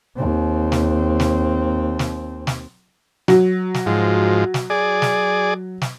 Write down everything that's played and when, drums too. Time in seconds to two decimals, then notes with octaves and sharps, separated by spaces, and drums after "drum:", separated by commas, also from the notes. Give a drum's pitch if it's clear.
0.16 D#2 C4
0.72 drum: snare
1.20 drum: snare
1.99 drum: snare
2.47 drum: snare
3.28 F#3, drum: snare
3.74 drum: snare
3.86 G#2 F3
4.54 drum: snare
4.70 G#4 D5
5.02 drum: snare
5.82 drum: snare